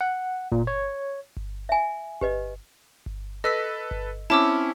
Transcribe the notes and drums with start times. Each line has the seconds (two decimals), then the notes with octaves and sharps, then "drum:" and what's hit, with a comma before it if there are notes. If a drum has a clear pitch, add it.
0.01 F#5
0.52 A#2, drum: kick G1
0.67 C#5
1.37 drum: kick G1
1.69 E5 G#5
2.21 G4 B4 D#5, drum: kick G1
3.06 drum: kick G1
3.44 A4 B4 D#5 E6 B6
3.91 drum: kick G1
4.30 C4 C#4 E4 A5 D6 E6